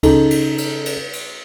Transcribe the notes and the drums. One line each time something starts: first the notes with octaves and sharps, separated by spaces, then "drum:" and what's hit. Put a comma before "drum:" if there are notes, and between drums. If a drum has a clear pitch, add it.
C#3 D#4 A4, drum: kick C#2, cymbal
drum: cymbal
drum: cymbal
drum: cymbal
drum: cymbal